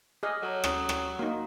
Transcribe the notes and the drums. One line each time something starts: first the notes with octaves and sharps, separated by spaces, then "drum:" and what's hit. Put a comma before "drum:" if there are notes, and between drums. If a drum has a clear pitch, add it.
G#4 D#5 D6 F6 F#6
F#3 A4 C#5 A#5
C#4 A#5 D#6, drum: rim click
drum: rim click
A#3 D#4 F#4 A#4